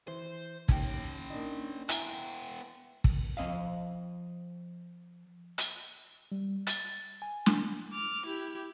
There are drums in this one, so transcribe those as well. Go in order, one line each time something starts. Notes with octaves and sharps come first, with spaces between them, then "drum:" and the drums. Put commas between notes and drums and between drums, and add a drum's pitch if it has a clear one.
E3 C5
D#2 C#4 G5, drum: kick
A#3 D4 D#4
B3 E4 G5 G#5 A#5, drum: hi-hat
drum: kick
F3 C4 D#5 F5
drum: hi-hat
G3
A6, drum: hi-hat
G#5
drum: snare
D6 F6
E4 G4